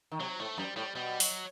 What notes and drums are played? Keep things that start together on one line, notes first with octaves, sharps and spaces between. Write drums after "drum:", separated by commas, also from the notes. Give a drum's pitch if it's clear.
D#3
C3 F#3
A2 A3
F#2 G3
A2 G3
B2 G3
F#3, drum: open hi-hat